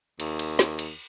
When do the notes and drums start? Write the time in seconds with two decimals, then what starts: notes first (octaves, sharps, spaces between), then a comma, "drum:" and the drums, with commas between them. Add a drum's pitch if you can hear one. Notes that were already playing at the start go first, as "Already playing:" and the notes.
0.20 D#2, drum: cymbal
0.39 drum: cymbal
0.59 drum: snare
0.79 drum: cymbal